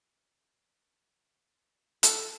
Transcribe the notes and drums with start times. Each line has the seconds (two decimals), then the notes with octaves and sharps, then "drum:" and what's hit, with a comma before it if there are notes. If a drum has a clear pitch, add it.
2.03 A4, drum: hi-hat